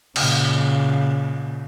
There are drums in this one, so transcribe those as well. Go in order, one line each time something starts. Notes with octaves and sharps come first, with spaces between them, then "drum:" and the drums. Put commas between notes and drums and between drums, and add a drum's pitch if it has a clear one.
A#2 C#3, drum: cymbal